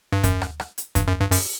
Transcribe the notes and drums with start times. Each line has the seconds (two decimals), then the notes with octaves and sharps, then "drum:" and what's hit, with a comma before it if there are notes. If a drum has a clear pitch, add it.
0.12 G2
0.24 F#2, drum: kick D#2, hi-hat
0.42 drum: rim click
0.60 drum: rim click
0.78 drum: hi-hat
0.95 G2, drum: kick D#2, hi-hat
1.08 F#2
1.20 G2
1.32 F#2, drum: open hi-hat